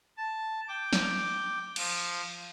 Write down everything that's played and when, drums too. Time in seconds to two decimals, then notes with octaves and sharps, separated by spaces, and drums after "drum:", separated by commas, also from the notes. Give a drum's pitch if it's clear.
0.18 A5
0.68 G5 D6
0.93 drum: snare
1.76 F3, drum: cymbal